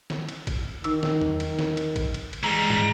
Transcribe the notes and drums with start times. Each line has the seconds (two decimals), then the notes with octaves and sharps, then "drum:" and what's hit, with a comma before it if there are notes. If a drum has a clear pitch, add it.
0.10 drum: snare
0.29 drum: cymbal
0.47 drum: kick, cymbal
0.84 D#3 D#4 E6, drum: cymbal
1.03 drum: snare
1.21 drum: tom E2
1.40 drum: cymbal
1.59 drum: snare
1.77 drum: cymbal
1.96 drum: kick, cymbal
2.14 drum: cymbal
2.33 drum: cymbal
2.43 E3 G3 G#3 A#5
2.70 drum: tom